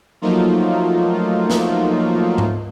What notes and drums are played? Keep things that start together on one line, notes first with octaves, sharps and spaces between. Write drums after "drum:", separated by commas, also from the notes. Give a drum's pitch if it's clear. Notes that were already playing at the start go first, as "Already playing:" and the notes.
F3 F#3 A3 A#3 D#4 F4
drum: snare
drum: tom G#2